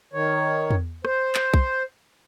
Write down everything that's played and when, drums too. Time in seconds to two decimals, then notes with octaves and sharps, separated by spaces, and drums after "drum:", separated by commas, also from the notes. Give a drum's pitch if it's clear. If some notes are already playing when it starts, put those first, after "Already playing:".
0.13 D#3 C#5
0.71 drum: tom E2
1.05 C5, drum: rim click
1.35 drum: clap
1.54 drum: kick B1